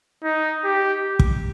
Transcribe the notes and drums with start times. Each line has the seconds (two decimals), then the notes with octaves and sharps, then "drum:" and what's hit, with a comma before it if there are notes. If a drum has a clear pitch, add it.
0.24 D#4
0.64 G4
1.19 drum: kick